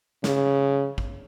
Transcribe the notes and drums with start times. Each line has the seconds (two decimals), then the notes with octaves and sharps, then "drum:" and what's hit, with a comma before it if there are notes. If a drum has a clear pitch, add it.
0.24 C#3, drum: snare
0.98 drum: kick